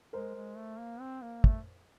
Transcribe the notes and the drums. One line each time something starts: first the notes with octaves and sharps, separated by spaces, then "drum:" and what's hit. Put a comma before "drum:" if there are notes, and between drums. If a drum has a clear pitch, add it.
G#3 A#4 C5
G#3
A3
A#3
C4
A#3
A3, drum: kick